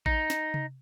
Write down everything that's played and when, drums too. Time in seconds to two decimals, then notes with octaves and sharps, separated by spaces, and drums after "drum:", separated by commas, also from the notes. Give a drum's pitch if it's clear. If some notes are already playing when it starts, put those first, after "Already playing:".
0.06 D#4, drum: kick A1
0.30 drum: snare
0.54 drum: tom C3